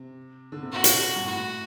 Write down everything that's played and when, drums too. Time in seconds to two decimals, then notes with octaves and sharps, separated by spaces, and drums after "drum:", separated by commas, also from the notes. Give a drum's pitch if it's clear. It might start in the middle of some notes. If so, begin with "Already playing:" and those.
Already playing: C3
0.52 D3
0.62 C3
0.72 A#2 F#4
0.84 drum: hi-hat
1.16 G2
1.27 A2 F#4